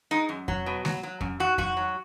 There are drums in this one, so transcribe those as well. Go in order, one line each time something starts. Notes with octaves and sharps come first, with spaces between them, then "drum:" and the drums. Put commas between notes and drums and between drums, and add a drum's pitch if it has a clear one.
G#3 D#4
F#2
F#3, drum: kick F2
B2
F#3, drum: snare G#3
F#3
F#2, drum: kick F2
G#2 F#4
G#2 F#4, drum: kick F2
F#3